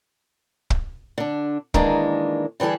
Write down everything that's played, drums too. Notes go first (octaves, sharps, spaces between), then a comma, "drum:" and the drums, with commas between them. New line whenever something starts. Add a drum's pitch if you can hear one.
drum: kick
D3 D4
D#3 E3 G#3 A#3 D4, drum: kick
D3 E3 G3 G#4 A4